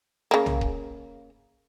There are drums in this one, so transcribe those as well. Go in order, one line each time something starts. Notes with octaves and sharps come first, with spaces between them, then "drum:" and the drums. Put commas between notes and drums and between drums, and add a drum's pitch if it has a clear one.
C#3 A#3
drum: tom B1
drum: kick D#1